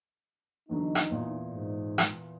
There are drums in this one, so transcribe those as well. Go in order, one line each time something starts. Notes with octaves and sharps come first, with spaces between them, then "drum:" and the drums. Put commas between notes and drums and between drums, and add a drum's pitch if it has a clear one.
E2 D3 F#3 D#4
drum: rim click
E2 A#2 E3
G#2
drum: rim click